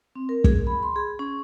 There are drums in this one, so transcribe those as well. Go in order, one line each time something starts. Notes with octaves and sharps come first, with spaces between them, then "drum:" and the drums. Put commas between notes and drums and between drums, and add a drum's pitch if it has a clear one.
C4
A#4
G#4, drum: kick
B5
C6
G#4
C#4